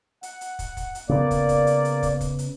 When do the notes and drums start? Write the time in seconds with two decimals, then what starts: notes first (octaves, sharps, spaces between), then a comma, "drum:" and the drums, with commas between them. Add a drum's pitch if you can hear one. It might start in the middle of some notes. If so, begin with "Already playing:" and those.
0.23 F#5, drum: hi-hat
0.41 drum: hi-hat
0.59 drum: kick, hi-hat
0.77 drum: kick, hi-hat
0.95 drum: hi-hat
1.09 C#3 A#3 B3 D5
1.31 drum: kick, hi-hat
1.49 drum: kick, hi-hat
1.67 drum: hi-hat
1.85 drum: hi-hat
2.03 drum: kick, hi-hat
2.21 drum: kick, hi-hat
2.39 drum: hi-hat